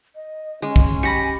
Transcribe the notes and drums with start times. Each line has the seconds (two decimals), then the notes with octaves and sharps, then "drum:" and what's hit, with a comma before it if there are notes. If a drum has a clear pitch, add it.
0.15 D#5
0.62 G#3 C#4
0.76 drum: kick
1.03 G4 G#5 B5 A#6 C#7